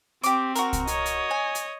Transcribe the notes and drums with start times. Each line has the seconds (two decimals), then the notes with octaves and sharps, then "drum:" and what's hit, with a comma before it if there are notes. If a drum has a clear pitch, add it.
0.23 C4 G4 D6, drum: hi-hat
0.55 F#4 A#4, drum: hi-hat
0.73 drum: kick C2, hi-hat
0.87 C#5 D#5, drum: hi-hat
1.06 drum: hi-hat
1.31 G#5
1.55 drum: hi-hat